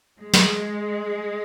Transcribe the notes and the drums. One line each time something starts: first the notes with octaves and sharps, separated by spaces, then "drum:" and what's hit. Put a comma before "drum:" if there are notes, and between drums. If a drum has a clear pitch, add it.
G#3
drum: snare